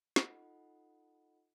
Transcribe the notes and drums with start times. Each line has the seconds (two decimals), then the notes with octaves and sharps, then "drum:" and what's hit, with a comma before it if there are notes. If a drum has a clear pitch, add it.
0.16 D#4 F4 A4 D#5 F#5 B5, drum: snare